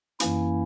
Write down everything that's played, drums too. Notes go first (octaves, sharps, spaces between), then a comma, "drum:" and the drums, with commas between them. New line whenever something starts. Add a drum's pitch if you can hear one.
F#2 E3 A#3 C#4 E4, drum: hi-hat